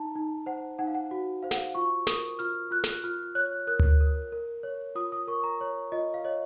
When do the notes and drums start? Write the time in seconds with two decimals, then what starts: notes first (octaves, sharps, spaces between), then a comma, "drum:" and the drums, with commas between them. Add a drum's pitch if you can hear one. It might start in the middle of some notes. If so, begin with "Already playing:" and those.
Already playing: D#4 A5 A#5
0.15 D#4
0.46 C5 F#5
0.79 D#4 F#5
0.87 F5
0.95 F#5
1.11 F#4
1.43 C5 F5
1.51 F#5, drum: snare
1.57 F5
1.75 F4 C#6
2.07 A#4 D#6, drum: snare
2.39 F4 F6, drum: hi-hat
2.71 F4 F#6
2.84 drum: snare
3.04 F4 F6
3.35 C#5 F#6
3.67 A#4 F#6
3.79 drum: tom D2
4.00 A#4
4.32 A#4
4.63 C#5
4.95 F4 D#6
5.12 D#6
5.28 A#4 C#6
5.44 A#5
5.61 C#5
5.92 F4 D#5
6.14 F5
6.24 C#5 D#5